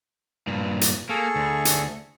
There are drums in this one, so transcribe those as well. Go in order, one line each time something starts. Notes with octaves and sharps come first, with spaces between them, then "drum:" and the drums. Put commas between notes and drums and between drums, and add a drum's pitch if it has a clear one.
G2 A#2
drum: hi-hat
A#3 G#4 A4 C#6
D2
drum: hi-hat